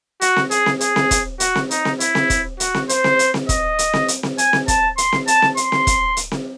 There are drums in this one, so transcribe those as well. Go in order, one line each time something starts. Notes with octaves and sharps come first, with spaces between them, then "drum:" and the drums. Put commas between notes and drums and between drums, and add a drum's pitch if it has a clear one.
F#4, drum: hi-hat
drum: snare C4
G#4, drum: hi-hat
drum: snare C4
G#4, drum: hi-hat
drum: snare C4
drum: kick, hi-hat
F#4, drum: hi-hat
drum: snare C4
D#4, drum: hi-hat
drum: snare C4
E4, drum: hi-hat
drum: snare C4
drum: kick, hi-hat
F#4, drum: hi-hat
drum: snare C4
C5, drum: hi-hat
drum: snare C4
drum: hi-hat
drum: snare C4
D#5, drum: kick, hi-hat
drum: hi-hat
drum: snare C4
drum: hi-hat
drum: snare C4
G#5, drum: hi-hat
drum: snare C4
A5, drum: kick, hi-hat
C6, drum: hi-hat
drum: snare C4
A5, drum: hi-hat
drum: snare C4
C6, drum: hi-hat
drum: snare C4
drum: kick, hi-hat
drum: hi-hat
drum: snare C4